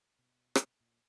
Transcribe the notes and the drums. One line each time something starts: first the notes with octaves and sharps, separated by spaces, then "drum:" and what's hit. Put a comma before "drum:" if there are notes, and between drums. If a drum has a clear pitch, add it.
B2
drum: rim click
A#2